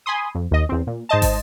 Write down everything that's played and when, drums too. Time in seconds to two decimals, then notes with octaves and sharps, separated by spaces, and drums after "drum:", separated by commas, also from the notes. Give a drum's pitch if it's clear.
0.06 G#5 B5 C6 D#6
0.35 F2
0.51 D#2 D#5
0.69 E2 C4
0.87 A#2
1.09 G#2 C5 D#5 A5
1.22 drum: kick, open hi-hat